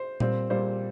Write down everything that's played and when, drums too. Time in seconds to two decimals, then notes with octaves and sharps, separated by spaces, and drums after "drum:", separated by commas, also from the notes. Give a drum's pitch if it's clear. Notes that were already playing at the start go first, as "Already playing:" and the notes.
Already playing: C5
0.20 A#2 G3 C4, drum: tom A#2
0.49 A#2 G3 C4 C5